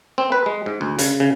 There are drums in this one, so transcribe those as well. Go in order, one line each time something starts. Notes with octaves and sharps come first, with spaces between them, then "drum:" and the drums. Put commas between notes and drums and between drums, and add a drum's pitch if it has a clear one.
C4
B4
G#3
G#2
D2
C#3, drum: hi-hat
C#3